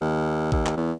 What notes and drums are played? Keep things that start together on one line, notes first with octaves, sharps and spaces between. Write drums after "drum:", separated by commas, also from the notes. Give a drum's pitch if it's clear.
D#2
D#2, drum: kick A1
drum: clap
E2